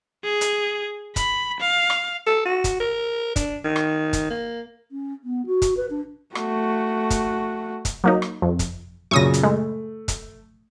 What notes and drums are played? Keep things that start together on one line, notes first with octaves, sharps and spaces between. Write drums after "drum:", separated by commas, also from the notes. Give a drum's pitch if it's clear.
G#4
drum: hi-hat
B5, drum: kick, hi-hat
F5
drum: rim click
A4
F#4
drum: kick, hi-hat
A#4
D4, drum: kick, hi-hat
D#3
drum: rim click
drum: kick, hi-hat
A#3
C#4
B3
F#4
drum: kick, hi-hat
B4
D4
A3 F#4, drum: rim click
drum: kick, hi-hat
drum: kick, hi-hat
F#3 A#3 D#4
drum: rim click
F2
drum: kick, hi-hat
F#2 A#2 C#3 C#6 D#6 A#6
drum: hi-hat
G#3 A3
drum: kick, hi-hat